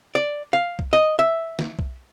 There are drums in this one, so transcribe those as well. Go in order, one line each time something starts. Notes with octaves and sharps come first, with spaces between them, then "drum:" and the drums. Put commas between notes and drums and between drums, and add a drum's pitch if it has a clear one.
D5
F5
drum: kick B1
D#5
E5
drum: snare
drum: kick B1